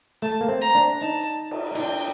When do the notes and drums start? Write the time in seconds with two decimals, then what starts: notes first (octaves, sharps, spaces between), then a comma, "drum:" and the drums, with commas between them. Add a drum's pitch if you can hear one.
0.22 A3 A5
0.41 A#3
0.48 C4
0.61 A#5
0.75 D4
1.01 D#4 A5
1.51 drum: cymbal
1.75 D#4, drum: hi-hat
1.80 D4 G5